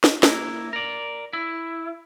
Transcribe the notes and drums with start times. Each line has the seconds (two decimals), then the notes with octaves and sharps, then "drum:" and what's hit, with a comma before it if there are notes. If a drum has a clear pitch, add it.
0.04 drum: snare
0.23 A#3 E4, drum: snare
0.73 A#4 D5
1.33 E4